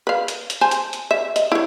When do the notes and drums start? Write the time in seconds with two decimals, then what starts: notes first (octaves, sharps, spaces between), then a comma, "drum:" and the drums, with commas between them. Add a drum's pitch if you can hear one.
0.07 B4 F5
0.28 drum: hi-hat
0.50 drum: hi-hat
0.61 C5 G#5 A5
0.71 drum: hi-hat
0.93 drum: hi-hat
1.11 E5
1.36 D#5, drum: hi-hat
1.52 E4 C#5